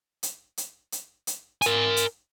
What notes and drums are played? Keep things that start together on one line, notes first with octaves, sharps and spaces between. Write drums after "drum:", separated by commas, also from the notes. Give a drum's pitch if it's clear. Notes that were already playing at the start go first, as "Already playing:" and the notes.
drum: hi-hat
drum: hi-hat
drum: hi-hat
drum: hi-hat
A#4 G#5, drum: hi-hat
drum: hi-hat